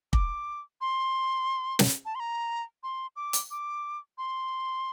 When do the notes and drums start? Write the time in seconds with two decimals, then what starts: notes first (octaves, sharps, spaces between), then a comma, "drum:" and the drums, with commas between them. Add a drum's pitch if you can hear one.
0.13 D6, drum: kick
0.81 C6
1.79 drum: snare
2.05 A5
2.15 C6
2.20 A#5
2.83 C6
3.16 D6
3.33 drum: hi-hat
3.51 D6
4.18 C6